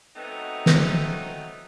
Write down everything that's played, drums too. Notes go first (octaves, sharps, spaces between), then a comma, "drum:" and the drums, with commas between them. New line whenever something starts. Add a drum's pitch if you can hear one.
F#3 A3 B3 C4 D#4
drum: snare